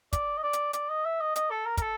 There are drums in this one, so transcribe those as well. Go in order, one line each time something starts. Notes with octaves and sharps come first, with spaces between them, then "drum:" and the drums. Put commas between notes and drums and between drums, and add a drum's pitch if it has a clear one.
D5, drum: kick, hi-hat
D#5
D5
drum: hi-hat
D5, drum: hi-hat
D#5
E5
D#5
D#5, drum: hi-hat
A4
A#4
A#4, drum: kick, hi-hat
A4